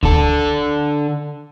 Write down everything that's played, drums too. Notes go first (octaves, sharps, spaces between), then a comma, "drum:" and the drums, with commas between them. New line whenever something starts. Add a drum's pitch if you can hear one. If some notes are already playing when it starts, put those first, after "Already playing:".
D3 A4, drum: kick D2